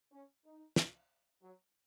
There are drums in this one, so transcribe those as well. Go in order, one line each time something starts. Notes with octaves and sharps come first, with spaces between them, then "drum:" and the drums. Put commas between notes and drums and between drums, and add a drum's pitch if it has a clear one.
C#4
D#4
drum: snare
F#3